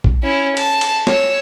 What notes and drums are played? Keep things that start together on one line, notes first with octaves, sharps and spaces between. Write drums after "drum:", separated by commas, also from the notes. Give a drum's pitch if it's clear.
drum: kick A#1
C#4 E4
A5, drum: cymbal
drum: cymbal
C#5 E6, drum: snare